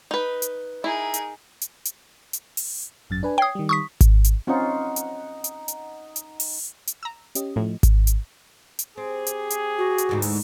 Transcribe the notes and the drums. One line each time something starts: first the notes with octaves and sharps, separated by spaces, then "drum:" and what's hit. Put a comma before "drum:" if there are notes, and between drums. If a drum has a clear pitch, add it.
D#4 B4
drum: hi-hat
D#4 E4 G#4 A#4
drum: hi-hat
drum: hi-hat
drum: hi-hat
drum: hi-hat
drum: open hi-hat
G#1 F#2 A6
D4 B4 G#5
C#5 G5 D#6 G#6 C7
D#3 G3
C#6 D#6 B6
drum: kick G#1, hi-hat
drum: hi-hat
C4 C#4 D#4 F4 F#5
drum: hi-hat
drum: hi-hat
drum: hi-hat
drum: hi-hat
drum: open hi-hat
drum: hi-hat
A#5 E6
C#4 G4 D#5, drum: hi-hat
A2 F3 A3
drum: kick G#1, hi-hat
drum: hi-hat
drum: hi-hat
C4 G4 G#4
drum: hi-hat
drum: hi-hat
F#4
drum: hi-hat
D2 G#2 E3
drum: open hi-hat